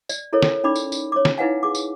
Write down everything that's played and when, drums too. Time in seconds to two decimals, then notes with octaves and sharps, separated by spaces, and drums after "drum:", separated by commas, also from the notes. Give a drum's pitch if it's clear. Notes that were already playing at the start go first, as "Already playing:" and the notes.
0.09 D5, drum: tambourine
0.33 E4 A4 A#4 C#5
0.42 drum: snare
0.64 C#4 D#4 D5 B5 D6
0.76 drum: tambourine
0.92 drum: tambourine
1.12 C#5 D6
1.25 drum: snare
1.38 D#4 E4 B4 F5 F#5 G#5
1.63 G#4 D6
1.75 drum: tambourine